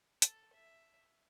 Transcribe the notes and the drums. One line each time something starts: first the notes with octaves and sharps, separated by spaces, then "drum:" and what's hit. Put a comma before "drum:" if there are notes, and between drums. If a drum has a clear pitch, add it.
A4, drum: hi-hat
E5